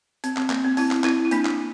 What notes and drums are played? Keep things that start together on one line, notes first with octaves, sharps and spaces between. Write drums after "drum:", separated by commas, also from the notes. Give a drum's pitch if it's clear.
C4, drum: hi-hat
C4, drum: clap
A#3, drum: clap
C4
C4 E4, drum: open hi-hat
drum: clap
C4 E4, drum: clap
E4
A#3 D4, drum: hi-hat
drum: clap